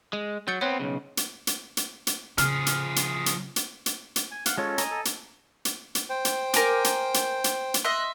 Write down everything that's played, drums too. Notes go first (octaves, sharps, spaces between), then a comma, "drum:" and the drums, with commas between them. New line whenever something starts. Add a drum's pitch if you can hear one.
G#3
F#3 G6 A6 C#7
B3 C4 C#5 F#6
B1 C#3
drum: hi-hat
drum: hi-hat
drum: hi-hat
drum: hi-hat
C#3 F3 G#4 F6, drum: hi-hat
drum: hi-hat
drum: hi-hat
drum: hi-hat
drum: hi-hat
drum: hi-hat
drum: hi-hat
G#5
F5 F#5, drum: hi-hat
G#3 C#4 F4 A4 C#5
D#5 G#5 A#5, drum: hi-hat
A4
drum: hi-hat
drum: hi-hat
drum: hi-hat
C5 G5
drum: hi-hat
A#4 G#5 D6, drum: hi-hat
drum: hi-hat
drum: hi-hat
drum: hi-hat
drum: hi-hat
D#5 E5 C6 F#6